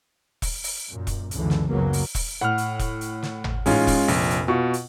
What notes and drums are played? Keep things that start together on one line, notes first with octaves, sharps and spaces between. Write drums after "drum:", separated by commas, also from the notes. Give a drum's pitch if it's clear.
drum: kick E1, open hi-hat
drum: open hi-hat
F#2 A#2
drum: kick E1, hi-hat
C#2 F#2 D3 E3, drum: hi-hat
drum: snare
F#1 C#2 C#3 F#3 A#3 B3
drum: open hi-hat
drum: kick E1, open hi-hat
A2 F#5 F6
drum: hi-hat
drum: kick E1, hi-hat
drum: hi-hat
drum: snare
drum: tom G#1
A1 G#2 G#3 C#4 F4, drum: open hi-hat
drum: kick E1, open hi-hat
F1 A#1, drum: open hi-hat
drum: hi-hat
B2 F4 C#6
drum: hi-hat